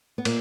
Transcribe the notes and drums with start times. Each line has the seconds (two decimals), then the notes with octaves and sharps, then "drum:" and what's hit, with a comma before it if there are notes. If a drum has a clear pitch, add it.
0.18 B3
0.25 A#2 A#3, drum: cymbal